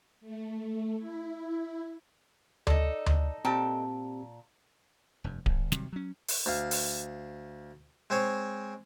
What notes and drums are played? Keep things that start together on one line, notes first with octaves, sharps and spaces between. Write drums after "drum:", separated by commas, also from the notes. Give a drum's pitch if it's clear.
A3
E4
D#4 A4 D5, drum: tom D2
drum: tom D2
A#2 C4 G4 G5 A5
F1 G2
G1, drum: kick D1
C3 D#3 F#3 G3, drum: snare
F#3 C#4
drum: open hi-hat
D2 F5
drum: open hi-hat
G#3 C4 C5 C#5